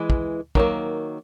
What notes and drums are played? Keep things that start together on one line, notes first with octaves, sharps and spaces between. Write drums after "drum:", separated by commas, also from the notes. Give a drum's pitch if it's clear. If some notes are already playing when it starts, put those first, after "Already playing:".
Already playing: E3 G#3
drum: kick
D#3 F#3 A#3, drum: kick